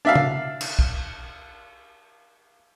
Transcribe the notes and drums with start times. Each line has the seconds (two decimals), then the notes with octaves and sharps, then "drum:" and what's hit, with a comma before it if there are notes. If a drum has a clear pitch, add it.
0.05 D4 E5 F5
0.16 drum: tom C#3
0.61 drum: cymbal
0.79 drum: kick